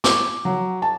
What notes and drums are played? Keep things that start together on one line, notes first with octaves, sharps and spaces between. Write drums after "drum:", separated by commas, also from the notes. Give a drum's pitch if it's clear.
D6, drum: snare
F#3
A5